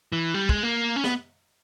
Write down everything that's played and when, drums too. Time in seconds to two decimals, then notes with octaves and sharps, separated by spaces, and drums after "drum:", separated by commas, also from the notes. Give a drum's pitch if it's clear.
0.12 E3
0.34 G3
0.49 G#3, drum: kick
0.63 A#3
0.96 C#4
1.04 B3, drum: snare